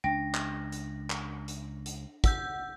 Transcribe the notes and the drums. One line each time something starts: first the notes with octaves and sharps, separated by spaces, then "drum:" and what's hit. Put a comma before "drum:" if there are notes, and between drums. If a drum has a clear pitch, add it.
C#2 D4 G5 A#6
drum: clap
drum: hi-hat
drum: clap
drum: hi-hat
drum: hi-hat
F#5 E6 G6, drum: kick, hi-hat